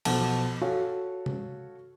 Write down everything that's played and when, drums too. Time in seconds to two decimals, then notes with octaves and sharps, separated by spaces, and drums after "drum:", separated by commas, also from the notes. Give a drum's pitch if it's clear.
0.05 B1 B2 F3 A4 F#5 A5, drum: cymbal
0.62 F#4 A4 C#5 F5
1.26 drum: tom C3